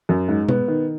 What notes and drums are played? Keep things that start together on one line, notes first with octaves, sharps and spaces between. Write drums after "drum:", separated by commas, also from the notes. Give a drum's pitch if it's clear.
F#2
G#2
B3, drum: tom B2
D#3